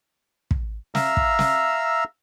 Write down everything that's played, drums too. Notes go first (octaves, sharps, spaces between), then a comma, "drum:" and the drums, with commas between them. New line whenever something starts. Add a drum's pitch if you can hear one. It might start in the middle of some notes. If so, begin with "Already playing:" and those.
drum: kick
E5 F5 A#5 E6, drum: snare
drum: kick
drum: snare